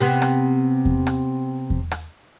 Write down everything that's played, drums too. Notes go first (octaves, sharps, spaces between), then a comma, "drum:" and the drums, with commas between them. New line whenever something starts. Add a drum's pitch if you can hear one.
C3 B3
drum: rim click
drum: kick E2
drum: rim click
drum: kick E2
drum: rim click